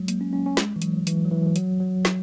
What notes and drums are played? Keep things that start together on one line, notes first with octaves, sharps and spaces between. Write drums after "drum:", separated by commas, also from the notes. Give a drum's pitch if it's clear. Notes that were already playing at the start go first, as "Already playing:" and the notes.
Already playing: F#3 G#3
A#3, drum: hi-hat
C#4
C#4
C#4
G#3, drum: snare
E3
F#3, drum: hi-hat
F#3
E3, drum: hi-hat
F#3
E3
E3
F#3, drum: hi-hat
F#3
drum: snare